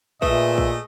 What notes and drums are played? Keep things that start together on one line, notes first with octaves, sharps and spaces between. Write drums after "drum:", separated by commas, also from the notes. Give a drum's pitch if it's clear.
A#2 A3 G#4 B4 D#5 E5, drum: kick
drum: kick